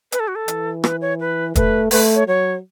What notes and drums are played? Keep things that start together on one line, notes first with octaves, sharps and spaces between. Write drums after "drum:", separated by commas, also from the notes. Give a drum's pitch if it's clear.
B4, drum: hi-hat
A4
F#4
A4
E3, drum: hi-hat
B4, drum: rim click
C#5
B4
A3 B4, drum: kick, hi-hat
A3 B4, drum: open hi-hat
C#5
F#3 C#5